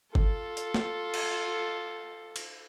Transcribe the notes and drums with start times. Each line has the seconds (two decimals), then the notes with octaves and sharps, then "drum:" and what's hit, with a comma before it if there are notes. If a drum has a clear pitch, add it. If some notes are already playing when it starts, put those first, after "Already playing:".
0.15 F4 A4, drum: kick G1
0.57 drum: hi-hat
0.74 drum: snare
1.14 drum: cymbal
2.36 drum: cymbal